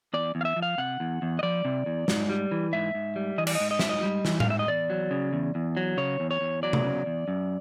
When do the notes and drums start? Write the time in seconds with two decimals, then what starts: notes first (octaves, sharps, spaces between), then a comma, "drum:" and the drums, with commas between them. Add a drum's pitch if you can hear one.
0.14 E2 D5
0.35 E2
0.41 F5
0.45 E5
0.56 F3
0.62 F5
0.78 C3 F#5
1.00 E2
1.22 E2
1.39 D#5
1.43 F3 D5
1.65 C3
1.86 E2
2.08 G#2, drum: snare
2.29 G3
2.51 E3
2.73 G#2 E5
2.94 G#2
3.16 G3
3.38 E3 D#5
3.47 D5, drum: cymbal
3.55 D#5
3.60 G#2
3.71 D#5
3.79 G#2 E5, drum: snare
3.89 D#5
4.03 G3
4.25 E3, drum: snare
4.40 F5, drum: tom A2
4.47 G#2 E5
4.59 D#5
4.68 E2 D5
4.90 F#3
5.11 C#3
5.33 E2
5.55 E2
5.77 F#3
5.97 C#3 C#5
6.20 E2
6.31 C#5
6.41 E2
6.63 F#3 D5
6.73 drum: tom C3
6.85 C#3
7.06 E2
7.28 F#2